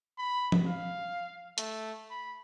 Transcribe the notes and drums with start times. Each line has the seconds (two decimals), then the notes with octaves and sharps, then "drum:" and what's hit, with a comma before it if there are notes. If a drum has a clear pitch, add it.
0.18 B5
0.52 drum: tom F3
0.67 F5
1.58 A3, drum: hi-hat
2.10 B5